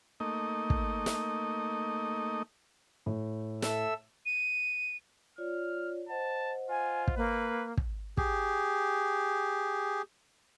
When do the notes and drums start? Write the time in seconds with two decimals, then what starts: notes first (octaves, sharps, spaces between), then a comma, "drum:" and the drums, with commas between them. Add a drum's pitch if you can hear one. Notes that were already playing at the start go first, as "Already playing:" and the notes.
0.20 A3 A#3 D#4 D#5
0.70 drum: kick
1.06 drum: snare
3.06 A2
3.62 A4 E5 E6, drum: snare
4.26 D#7
5.38 F4 C#5 D5 F6
6.09 C5 D#5 F#5 A5
6.70 F4 G#5
7.08 drum: kick
7.17 A#3 B4
7.77 drum: kick
8.17 G4 G#4, drum: kick